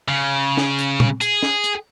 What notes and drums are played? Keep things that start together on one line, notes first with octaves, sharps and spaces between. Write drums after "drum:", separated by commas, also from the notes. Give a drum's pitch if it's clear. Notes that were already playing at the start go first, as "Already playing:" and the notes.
C#3
drum: snare
drum: hi-hat
drum: tom
G#4, drum: hi-hat
drum: snare
drum: hi-hat